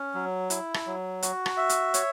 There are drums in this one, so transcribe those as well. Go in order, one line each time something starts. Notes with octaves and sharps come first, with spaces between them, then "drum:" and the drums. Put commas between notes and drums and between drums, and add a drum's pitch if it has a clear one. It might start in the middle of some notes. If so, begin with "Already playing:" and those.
Already playing: C#4
F#3
E4, drum: hi-hat
drum: rim click
F#3
F#4, drum: hi-hat
drum: rim click
E5
drum: hi-hat
C#5, drum: hi-hat